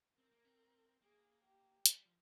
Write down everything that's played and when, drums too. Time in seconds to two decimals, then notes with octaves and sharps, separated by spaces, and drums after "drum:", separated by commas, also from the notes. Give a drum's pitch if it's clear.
0.18 C4 A#4
0.31 A#3
0.45 C4
1.02 A#3 G#4
1.44 G4
1.86 G#3, drum: hi-hat
1.95 G3
2.05 F3